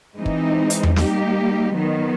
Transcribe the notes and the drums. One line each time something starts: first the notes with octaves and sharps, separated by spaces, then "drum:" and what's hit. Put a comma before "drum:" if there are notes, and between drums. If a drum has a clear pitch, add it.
E3 G#3 C4 D#4
drum: kick
drum: hi-hat
drum: tom E2
G3 A#3 D#4 G4, drum: snare
D#3 F#3 B3 D#4